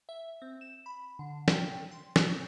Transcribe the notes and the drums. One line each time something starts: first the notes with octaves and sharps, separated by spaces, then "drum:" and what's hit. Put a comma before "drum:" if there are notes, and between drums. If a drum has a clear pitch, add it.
E5
C4
E7
B5
D3
G5, drum: snare
C6
C4, drum: snare